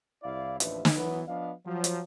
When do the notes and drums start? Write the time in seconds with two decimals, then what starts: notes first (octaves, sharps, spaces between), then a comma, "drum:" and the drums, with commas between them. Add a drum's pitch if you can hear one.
0.23 C2 E4 D5 F5
0.60 A1 D#2 F3 D4 B4 E5, drum: hi-hat
0.85 drum: snare
0.96 E3 F#3 B3
1.27 F3 B3 D4 D#5 F5
1.66 F3 F#3
1.84 drum: hi-hat